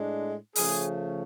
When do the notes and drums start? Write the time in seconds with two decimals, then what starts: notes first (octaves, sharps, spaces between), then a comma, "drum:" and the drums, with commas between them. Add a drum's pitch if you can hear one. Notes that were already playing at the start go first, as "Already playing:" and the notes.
Already playing: A2 G#3 D4
0.55 C#3 F3 A3 C#4 G#4, drum: open hi-hat